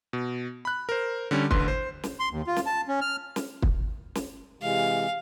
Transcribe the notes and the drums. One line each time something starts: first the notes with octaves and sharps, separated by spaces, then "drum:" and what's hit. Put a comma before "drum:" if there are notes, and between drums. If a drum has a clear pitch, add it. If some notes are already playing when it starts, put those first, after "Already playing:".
B2
B5 F#6
A#4 C5
D3 G3 C#4
A1 D3 B4 C6, drum: kick
C5
drum: snare
C6
D#2
F4
drum: snare
A5
C#4
F6
drum: snare
drum: kick
drum: snare
C3 E3 G#3 F5